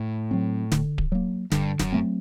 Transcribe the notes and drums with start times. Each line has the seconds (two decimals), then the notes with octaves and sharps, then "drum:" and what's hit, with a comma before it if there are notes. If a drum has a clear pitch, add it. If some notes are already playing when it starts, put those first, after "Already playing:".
Already playing: A2
0.31 F#3 C4
0.72 D3, drum: snare
0.98 drum: kick D1
1.12 F#3 A#3
1.52 G2 D3, drum: snare
1.79 F#2, drum: snare
1.92 F#3 A3 C4